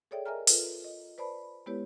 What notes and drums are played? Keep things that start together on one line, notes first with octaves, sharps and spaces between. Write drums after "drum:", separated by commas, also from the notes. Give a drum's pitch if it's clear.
G#4 A4 C#5 D5 E5 G5
A#4 D#5 E5 G#5 A#5 F6
F4 A4 B4, drum: open hi-hat
D#5
B4 C5 D5 A5 B5
G#3 B3 E4 G4 B4 C#5